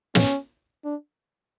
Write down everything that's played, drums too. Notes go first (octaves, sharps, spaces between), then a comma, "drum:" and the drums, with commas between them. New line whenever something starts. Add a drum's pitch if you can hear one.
C#4, drum: snare
D4